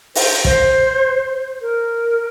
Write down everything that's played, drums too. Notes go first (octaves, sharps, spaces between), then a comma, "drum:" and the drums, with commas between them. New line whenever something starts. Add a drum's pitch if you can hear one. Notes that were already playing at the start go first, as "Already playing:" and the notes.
C5, drum: open hi-hat
C5, drum: kick
A#4